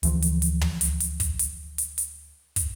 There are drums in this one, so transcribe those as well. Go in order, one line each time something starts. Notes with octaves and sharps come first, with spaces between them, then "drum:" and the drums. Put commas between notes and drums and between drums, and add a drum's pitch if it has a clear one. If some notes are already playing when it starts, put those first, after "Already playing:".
D2 E3 F3, drum: hi-hat
drum: hi-hat
drum: hi-hat
drum: tom
drum: hi-hat
drum: hi-hat
drum: kick, hi-hat
drum: hi-hat
drum: hi-hat
drum: hi-hat
drum: kick, hi-hat